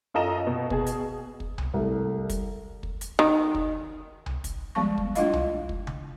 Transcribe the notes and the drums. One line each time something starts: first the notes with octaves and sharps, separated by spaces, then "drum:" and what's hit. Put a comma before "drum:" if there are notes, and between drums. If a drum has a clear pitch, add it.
F#2 F4 A4 D#5 A#5 E7
B2
B2 G#4, drum: kick
drum: hi-hat
drum: kick
drum: tom C2
C2 A3
drum: kick, hi-hat
drum: kick
drum: hi-hat
D#3
drum: kick
drum: tom C2
drum: kick, hi-hat
F3 G3 G#3 B3 A5 C#6
drum: kick
A3 D4 E4 F4 D#5 F5, drum: hi-hat
drum: tom C2
drum: kick
drum: tom C#3